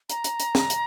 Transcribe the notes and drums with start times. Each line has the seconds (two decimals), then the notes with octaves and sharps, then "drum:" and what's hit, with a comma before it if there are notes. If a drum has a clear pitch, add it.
0.10 A#5, drum: hi-hat
0.24 drum: hi-hat
0.40 drum: hi-hat
0.55 drum: snare
0.70 drum: hi-hat